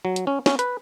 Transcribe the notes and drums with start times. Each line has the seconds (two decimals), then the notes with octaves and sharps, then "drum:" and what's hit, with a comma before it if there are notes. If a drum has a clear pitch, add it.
0.05 F#3
0.16 drum: hi-hat
0.27 C#4
0.46 C#4, drum: snare
0.59 B4, drum: hi-hat